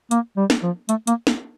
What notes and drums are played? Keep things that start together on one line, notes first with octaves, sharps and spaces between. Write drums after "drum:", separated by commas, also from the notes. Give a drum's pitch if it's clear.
A#3, drum: hi-hat
G3
drum: snare
F3
A3, drum: hi-hat
A#3, drum: hi-hat
drum: snare